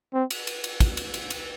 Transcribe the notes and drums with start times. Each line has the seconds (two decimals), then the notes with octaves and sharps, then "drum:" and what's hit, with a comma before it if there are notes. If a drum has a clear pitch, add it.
0.14 C4
0.31 drum: cymbal
0.47 drum: cymbal
0.64 drum: cymbal
0.80 drum: kick, cymbal
0.97 drum: cymbal
1.14 drum: cymbal
1.30 drum: cymbal